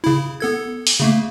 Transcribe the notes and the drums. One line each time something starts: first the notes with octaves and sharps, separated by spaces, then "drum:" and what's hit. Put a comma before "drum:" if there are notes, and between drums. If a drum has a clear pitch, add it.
C#3 E4
B3 A4 G#6
drum: open hi-hat
C#3 A3 A#3